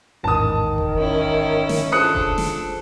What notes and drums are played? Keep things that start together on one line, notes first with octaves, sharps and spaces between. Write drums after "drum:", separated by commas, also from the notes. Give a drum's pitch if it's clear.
A1 E2 G#2 D#3 A5 D#6
drum: kick F1
C#4 E4
drum: snare
D4 F4 G#4 A4 C5 D#6 F#6 C#7
drum: kick F1
drum: snare